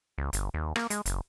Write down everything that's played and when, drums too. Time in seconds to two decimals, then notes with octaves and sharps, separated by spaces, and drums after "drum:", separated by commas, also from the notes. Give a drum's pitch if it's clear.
0.18 C#2
0.33 G1, drum: hi-hat
0.54 D#2
0.76 A#3, drum: rim click
0.90 G#3, drum: hi-hat
1.06 F#1, drum: hi-hat